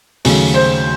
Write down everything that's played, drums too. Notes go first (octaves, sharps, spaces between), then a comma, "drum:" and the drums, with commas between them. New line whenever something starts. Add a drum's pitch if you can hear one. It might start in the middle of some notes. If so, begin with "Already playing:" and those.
D#2 C#3 F#3 A3, drum: open hi-hat
C5